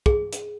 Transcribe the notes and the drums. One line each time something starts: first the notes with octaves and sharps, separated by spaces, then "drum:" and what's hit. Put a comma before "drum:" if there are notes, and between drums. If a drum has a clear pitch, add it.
G#4, drum: kick
drum: hi-hat